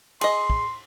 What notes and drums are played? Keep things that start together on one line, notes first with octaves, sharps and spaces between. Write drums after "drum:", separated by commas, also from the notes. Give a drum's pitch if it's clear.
G#4 D#5 C6, drum: cymbal
drum: kick